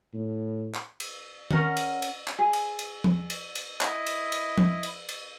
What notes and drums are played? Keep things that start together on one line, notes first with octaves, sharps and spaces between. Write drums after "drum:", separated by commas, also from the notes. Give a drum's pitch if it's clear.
A2
drum: clap
drum: cymbal
C#4 A#4 F#5, drum: tom D#3
drum: cymbal
drum: cymbal
drum: clap
G#4
drum: cymbal
drum: cymbal
drum: tom F3
drum: cymbal
drum: cymbal
E4 D#5, drum: clap
drum: cymbal
drum: cymbal
drum: tom F3
drum: cymbal
drum: cymbal